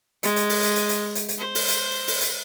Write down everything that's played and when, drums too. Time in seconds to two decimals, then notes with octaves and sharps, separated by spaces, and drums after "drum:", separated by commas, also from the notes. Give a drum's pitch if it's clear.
0.23 G#3, drum: hi-hat
0.36 drum: hi-hat
0.49 drum: open hi-hat
0.63 drum: hi-hat
0.76 drum: hi-hat
0.89 drum: hi-hat
1.15 drum: hi-hat
1.29 drum: hi-hat
1.38 C5
1.55 drum: open hi-hat
1.68 drum: hi-hat
2.08 drum: open hi-hat
2.21 drum: hi-hat